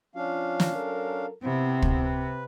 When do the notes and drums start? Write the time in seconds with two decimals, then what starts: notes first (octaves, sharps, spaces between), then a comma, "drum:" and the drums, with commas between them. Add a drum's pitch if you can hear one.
0.16 F3 C#4 D4 F4 F5
0.60 drum: snare
0.74 F#3 A4 A#4
1.43 C3 B3 C4 E4
1.82 drum: kick
2.03 B4